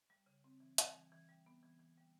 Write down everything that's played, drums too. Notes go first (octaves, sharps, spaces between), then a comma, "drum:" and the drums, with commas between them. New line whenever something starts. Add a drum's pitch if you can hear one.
G3
C#3
C4
E3
G3, drum: hi-hat
E3
E3
G3
B3
E3
E3
G3